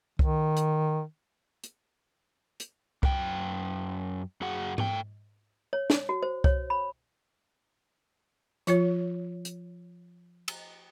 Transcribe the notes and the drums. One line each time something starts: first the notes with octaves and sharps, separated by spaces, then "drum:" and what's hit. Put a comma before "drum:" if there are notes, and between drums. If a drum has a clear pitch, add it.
D#3, drum: kick C2
drum: hi-hat
drum: hi-hat
drum: hi-hat
F#2 G5, drum: kick C2
F#2 F#4 G#4 F#5
A3 G5, drum: tom G#2
C#5
drum: snare
F#4
C5
C#5, drum: kick C2
B5
F3 F4 C#5, drum: hi-hat
drum: hi-hat
drum: cymbal